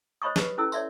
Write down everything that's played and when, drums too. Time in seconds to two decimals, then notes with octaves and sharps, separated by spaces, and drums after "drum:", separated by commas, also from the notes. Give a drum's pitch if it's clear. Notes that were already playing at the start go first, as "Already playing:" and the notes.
0.22 C5 C#5 D#5 B5 C#6 D#6
0.36 G4 B4, drum: snare
0.58 C#4 E4 A4 E6
0.72 C#5 D5 E5 C6, drum: tambourine